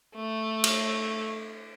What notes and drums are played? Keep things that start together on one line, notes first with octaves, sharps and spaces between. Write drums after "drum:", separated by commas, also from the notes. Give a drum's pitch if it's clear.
A3
drum: cymbal